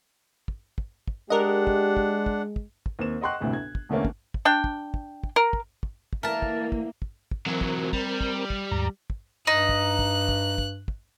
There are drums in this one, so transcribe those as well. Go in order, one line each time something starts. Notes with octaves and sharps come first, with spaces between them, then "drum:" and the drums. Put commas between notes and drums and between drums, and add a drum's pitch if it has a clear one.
drum: kick
drum: kick
drum: kick
G#3 D4 G4 A#4 D#5 F#5
drum: kick
drum: kick
drum: kick
drum: kick
drum: kick
D#2 C4 E7
D#5 F#5 G5 C6 C#6 F#6
G1 D2 A2 C3
G#6
drum: kick
E2 D3 A3 A#3 C#4
drum: kick
drum: kick
D4 G5
drum: kick
drum: kick
drum: kick
A#4
drum: kick
drum: kick
drum: kick
D3 E3 A#3 A#4 E5 A5
drum: kick
drum: kick
drum: kick
drum: kick
E3 F#3 C4 A#4
drum: kick
G3, drum: kick
drum: kick
drum: kick
D#2 G#2 A#5
drum: kick
G2 D#4 F#6
drum: kick
drum: kick
drum: kick
drum: kick
drum: kick